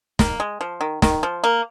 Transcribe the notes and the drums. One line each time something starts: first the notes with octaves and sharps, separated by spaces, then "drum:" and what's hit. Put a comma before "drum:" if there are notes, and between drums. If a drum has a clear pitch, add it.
A#3, drum: snare
G#3
F3
D#3
D#3, drum: snare
F3
A#3